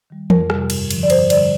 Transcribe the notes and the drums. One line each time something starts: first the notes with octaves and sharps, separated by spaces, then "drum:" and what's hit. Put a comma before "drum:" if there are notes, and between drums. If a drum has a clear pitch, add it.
D#3 G3
F2 A#4, drum: tom E3
C3 G3, drum: rim click
G2, drum: cymbal
D3 F3, drum: cymbal
D5
G2 C5, drum: cymbal
D3 G3 D5, drum: cymbal